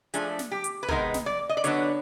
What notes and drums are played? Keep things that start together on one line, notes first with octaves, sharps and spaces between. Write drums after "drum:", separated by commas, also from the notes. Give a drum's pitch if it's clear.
F3 A3 D4 G#4, drum: hi-hat
drum: snare
G4
drum: hi-hat
B4
C3 D#3 G#3 B3 D#4 A#4, drum: kick
drum: snare
D5
D#5
D5
D3 F#3 B3 D4 C#5, drum: hi-hat